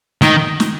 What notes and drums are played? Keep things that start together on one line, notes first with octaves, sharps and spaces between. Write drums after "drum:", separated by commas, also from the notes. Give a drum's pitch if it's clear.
D#3, drum: snare
drum: snare